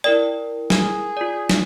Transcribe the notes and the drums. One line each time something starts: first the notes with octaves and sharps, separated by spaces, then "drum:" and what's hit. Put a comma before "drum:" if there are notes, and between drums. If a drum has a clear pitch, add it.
E4 A#4 D5 G5
G#4, drum: snare
F4 D5
drum: snare